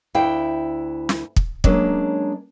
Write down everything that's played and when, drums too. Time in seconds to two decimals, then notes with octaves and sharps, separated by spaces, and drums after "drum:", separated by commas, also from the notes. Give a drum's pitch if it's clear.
0.15 D2 E4 F5 G5
1.09 drum: snare
1.36 drum: kick
1.64 F#3 G#3 A#3 C#4 D4, drum: kick